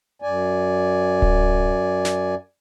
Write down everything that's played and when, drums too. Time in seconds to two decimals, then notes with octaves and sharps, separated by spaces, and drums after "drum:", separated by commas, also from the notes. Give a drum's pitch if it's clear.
0.22 F#2 D5 G#5
1.22 drum: kick D1
2.05 drum: snare